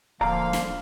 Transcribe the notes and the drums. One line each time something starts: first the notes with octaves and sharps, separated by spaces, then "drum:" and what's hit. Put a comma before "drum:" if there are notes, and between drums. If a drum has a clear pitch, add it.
D1 D3 F3 A#3 D5 F5 A#5
drum: snare